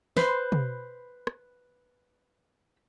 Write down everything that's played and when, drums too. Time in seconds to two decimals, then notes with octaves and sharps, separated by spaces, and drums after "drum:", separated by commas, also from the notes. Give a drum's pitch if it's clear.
0.17 B4 C5, drum: snare
0.52 drum: tom
1.27 drum: rim click